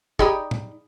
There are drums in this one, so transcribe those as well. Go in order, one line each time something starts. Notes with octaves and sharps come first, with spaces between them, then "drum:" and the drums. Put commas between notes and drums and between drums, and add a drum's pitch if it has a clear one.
D#4 G4 G#4 D5 B5 D#6, drum: kick
drum: tom